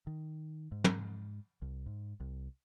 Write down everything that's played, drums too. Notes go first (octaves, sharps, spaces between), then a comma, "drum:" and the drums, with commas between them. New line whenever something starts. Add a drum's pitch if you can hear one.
D#3
G#2
drum: tom
C2
G#2
C2